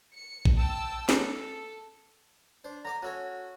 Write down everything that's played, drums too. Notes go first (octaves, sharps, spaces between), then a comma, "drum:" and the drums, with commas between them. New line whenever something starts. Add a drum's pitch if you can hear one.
C#7
drum: kick
G5 A5 E6
A4, drum: snare
D4 C5
D3 D5 A#5 D6
C#4 F#4 A4 C#5